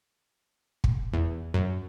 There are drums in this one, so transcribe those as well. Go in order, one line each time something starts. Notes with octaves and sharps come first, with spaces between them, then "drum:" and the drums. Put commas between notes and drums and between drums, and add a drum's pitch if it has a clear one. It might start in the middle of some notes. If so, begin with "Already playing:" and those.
drum: kick
E2
F#2